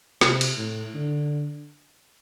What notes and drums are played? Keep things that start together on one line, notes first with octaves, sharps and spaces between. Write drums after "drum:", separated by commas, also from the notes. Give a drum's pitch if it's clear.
C3, drum: snare
drum: cymbal
A2
D3